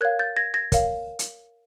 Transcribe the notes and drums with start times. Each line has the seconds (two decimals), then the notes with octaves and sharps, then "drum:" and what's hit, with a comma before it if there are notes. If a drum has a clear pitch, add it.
0.01 A#4 C#5 F5 F#6 G#6
0.19 G6 A6
0.37 G#6 A#6
0.54 G#6 A#6
0.72 A#4 C#5 F5, drum: kick, hi-hat
1.19 drum: hi-hat